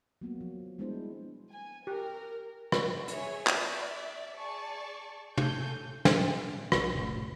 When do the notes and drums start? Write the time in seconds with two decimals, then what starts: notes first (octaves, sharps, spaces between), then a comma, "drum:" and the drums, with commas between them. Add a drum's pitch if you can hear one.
0.21 F#3 A#3 B3 F#4
0.41 F3
0.78 G3 G#3 B3 D4 E4 C5
1.52 G#5
1.87 G4 A#4
2.72 drum: rim click
3.08 G#4 C#5 E5, drum: hi-hat
3.47 D5 E5, drum: clap
4.35 G#4 D5 A5 C#6
5.37 A4 G#5 G6, drum: tom
6.05 A#2, drum: snare
6.72 B1 E3, drum: rim click
6.95 F1 A2 C#3